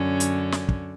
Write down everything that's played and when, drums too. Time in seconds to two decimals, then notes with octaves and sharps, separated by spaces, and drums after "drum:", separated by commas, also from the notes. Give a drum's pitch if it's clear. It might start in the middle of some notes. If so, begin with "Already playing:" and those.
Already playing: F#2 D3 C#4
0.20 drum: hi-hat
0.52 drum: snare
0.69 drum: kick